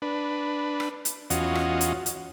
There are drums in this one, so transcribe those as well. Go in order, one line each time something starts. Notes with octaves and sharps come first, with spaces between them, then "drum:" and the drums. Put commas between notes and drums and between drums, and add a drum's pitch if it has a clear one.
D4 B4
drum: rim click
drum: hi-hat
E2 C#4 F4 F#4 D#5, drum: hi-hat
drum: rim click
drum: hi-hat
drum: hi-hat